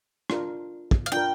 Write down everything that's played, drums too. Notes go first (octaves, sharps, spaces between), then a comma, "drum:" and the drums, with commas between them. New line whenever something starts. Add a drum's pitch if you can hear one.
D4 F4 A#4, drum: rim click
drum: kick
F5
D4 F4 A#4 G5